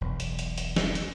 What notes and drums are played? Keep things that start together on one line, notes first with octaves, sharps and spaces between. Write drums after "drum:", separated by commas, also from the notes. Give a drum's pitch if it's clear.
E1 B1
drum: hi-hat
drum: hi-hat
drum: hi-hat
drum: snare
drum: hi-hat